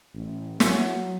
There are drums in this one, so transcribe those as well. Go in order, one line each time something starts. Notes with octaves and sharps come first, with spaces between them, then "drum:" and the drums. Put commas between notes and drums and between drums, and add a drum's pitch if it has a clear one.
A1
F#3, drum: snare